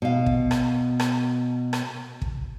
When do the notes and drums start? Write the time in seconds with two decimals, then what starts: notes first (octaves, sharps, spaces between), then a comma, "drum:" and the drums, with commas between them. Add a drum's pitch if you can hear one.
0.02 B2 F5
0.26 drum: kick
0.51 drum: rim click
1.00 drum: rim click
1.73 drum: rim click
2.22 drum: kick